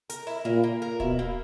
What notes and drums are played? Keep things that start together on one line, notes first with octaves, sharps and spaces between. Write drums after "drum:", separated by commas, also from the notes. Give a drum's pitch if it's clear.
A#4, drum: hi-hat
E4
A#2 A#3
A#3
A#4
B2 E4, drum: kick D1
A#3